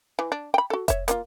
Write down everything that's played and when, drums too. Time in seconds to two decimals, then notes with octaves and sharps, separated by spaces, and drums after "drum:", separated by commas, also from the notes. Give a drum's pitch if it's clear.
0.19 E3
0.32 D4
0.54 G5 B5
0.70 F#4 A4
0.88 C#5 E5, drum: kick F1, hi-hat
1.08 A#3 D#4 F4, drum: hi-hat